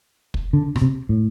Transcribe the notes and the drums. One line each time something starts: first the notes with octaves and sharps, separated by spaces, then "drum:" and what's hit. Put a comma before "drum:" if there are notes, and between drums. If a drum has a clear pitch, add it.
drum: kick
D3
B2, drum: rim click
C3
A2